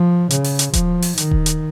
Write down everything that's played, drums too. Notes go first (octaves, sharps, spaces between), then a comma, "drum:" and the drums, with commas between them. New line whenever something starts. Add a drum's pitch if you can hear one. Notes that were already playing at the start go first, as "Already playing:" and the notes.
Already playing: F3
C#3, drum: hi-hat
drum: open hi-hat
drum: hi-hat
F3, drum: kick D#1, hi-hat
drum: open hi-hat
D#3, drum: hi-hat
drum: kick D#1
drum: hi-hat